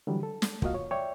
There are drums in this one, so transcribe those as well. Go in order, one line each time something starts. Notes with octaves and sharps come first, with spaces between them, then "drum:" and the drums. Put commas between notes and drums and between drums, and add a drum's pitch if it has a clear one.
D3 E3 F#3 G3
A4
drum: snare
A#3 F4 F#4 D#5 F5, drum: kick
C#5
C#5 D5 E5 G5